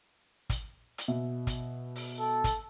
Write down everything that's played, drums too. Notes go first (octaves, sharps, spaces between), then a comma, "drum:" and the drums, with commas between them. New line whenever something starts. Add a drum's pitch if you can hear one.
drum: kick, hi-hat
drum: hi-hat
B2 E5
drum: kick, hi-hat
drum: open hi-hat
A4
drum: kick, hi-hat